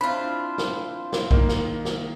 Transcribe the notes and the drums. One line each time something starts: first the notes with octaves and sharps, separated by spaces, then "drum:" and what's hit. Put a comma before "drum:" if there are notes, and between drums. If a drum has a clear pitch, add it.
C4 D4 E4 F4 B5
drum: snare
drum: snare
D#3 A#3, drum: kick A#1
drum: snare
drum: snare